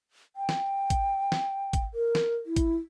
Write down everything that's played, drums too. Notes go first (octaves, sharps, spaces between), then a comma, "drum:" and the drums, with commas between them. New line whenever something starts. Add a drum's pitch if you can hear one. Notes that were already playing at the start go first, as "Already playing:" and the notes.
G5
drum: snare
drum: kick A1, hi-hat
drum: snare
drum: kick A1, hi-hat
A#4
drum: snare
E4
drum: kick A1, hi-hat